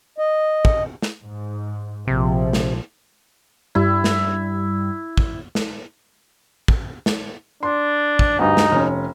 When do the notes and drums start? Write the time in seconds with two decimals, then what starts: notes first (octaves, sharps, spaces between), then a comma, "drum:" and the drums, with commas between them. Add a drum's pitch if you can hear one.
0.18 D#5
0.65 drum: kick
1.02 drum: snare
1.24 G#2
2.07 A#1 C3 F3
2.53 drum: snare
3.75 G2 G3 E4
4.04 drum: snare
5.17 drum: kick
5.55 drum: snare
6.68 drum: kick
7.06 drum: snare
7.63 D4 C6
8.19 drum: kick
8.39 D2 G2 D#4
8.57 drum: snare
8.72 F1 C#4